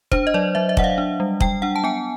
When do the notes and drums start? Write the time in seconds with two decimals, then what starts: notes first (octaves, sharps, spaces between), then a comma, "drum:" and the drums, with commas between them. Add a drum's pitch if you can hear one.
0.12 D4 C5, drum: kick
0.27 D#5
0.34 F#3 D5
0.55 F#3 E5
0.69 E5
0.77 F#3 F#5, drum: kick
0.84 F5
0.98 D4
1.20 G3
1.40 G3 G5, drum: kick
1.62 D4 F#5
1.76 A5
1.84 B3 G#5